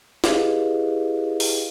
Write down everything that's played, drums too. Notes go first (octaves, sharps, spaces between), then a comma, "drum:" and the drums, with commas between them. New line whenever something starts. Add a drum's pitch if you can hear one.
E4 G4 G#4 B4 D#5 F5, drum: snare
drum: open hi-hat